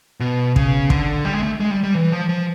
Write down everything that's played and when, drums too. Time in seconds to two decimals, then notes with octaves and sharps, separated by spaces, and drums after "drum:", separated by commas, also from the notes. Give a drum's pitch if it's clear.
0.20 B2
0.56 C#3, drum: kick
0.90 D3, drum: kick
1.25 G3
1.33 G#3
1.42 A3
1.60 G#3
1.71 G3
1.83 G3
1.94 E3
2.12 F3
2.29 F3